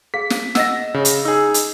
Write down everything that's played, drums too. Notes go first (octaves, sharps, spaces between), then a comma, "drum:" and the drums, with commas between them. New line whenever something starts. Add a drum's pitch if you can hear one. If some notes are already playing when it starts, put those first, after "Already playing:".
G#4 F5 B6
drum: snare
D#5 F#5 E6 A#6, drum: snare
C#3
drum: hi-hat
D#4 G#4 E6
drum: hi-hat